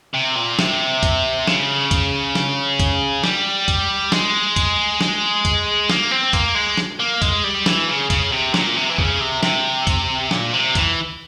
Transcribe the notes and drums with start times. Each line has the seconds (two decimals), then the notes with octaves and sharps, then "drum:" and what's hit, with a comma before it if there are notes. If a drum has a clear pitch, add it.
0.14 C3
0.36 A#2
0.59 C3, drum: snare
1.03 drum: kick, hi-hat
1.47 C#3, drum: snare
1.91 drum: kick, hi-hat
2.35 drum: snare
2.80 drum: kick, hi-hat
3.24 G3, drum: snare
3.68 drum: kick, hi-hat
4.12 G#3, drum: snare
4.56 drum: kick, hi-hat
5.01 drum: snare
5.45 drum: kick, hi-hat
5.89 A#3, drum: snare
6.11 C4
6.33 A#3, drum: kick, hi-hat
6.55 G#3
6.77 drum: snare
7.00 A#3
7.22 G#3, drum: kick, hi-hat
7.44 G3
7.66 E3, drum: snare
7.88 C#3
8.10 C#3, drum: kick, hi-hat
8.32 C3
8.54 A#2, drum: snare
8.76 C3
8.90 E3
8.98 C#3, drum: kick
9.21 C3
9.43 C3, drum: snare
9.87 drum: kick, hi-hat
10.31 A#2, drum: snare
10.53 C3
10.75 E3, drum: kick, hi-hat